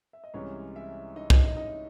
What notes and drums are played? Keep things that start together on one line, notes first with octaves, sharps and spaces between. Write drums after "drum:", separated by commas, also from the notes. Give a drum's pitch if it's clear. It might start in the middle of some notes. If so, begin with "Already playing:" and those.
E5
D#5
C2 C3 E3 G#3 C#4 C#5
E4 E5
D#4 D#5
D#4 D#5, drum: kick
D#4 D#5
D#4 D#5